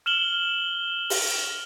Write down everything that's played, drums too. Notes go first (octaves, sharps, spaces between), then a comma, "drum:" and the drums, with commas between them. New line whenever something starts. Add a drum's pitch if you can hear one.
F6 E7 F#7 G7
drum: open hi-hat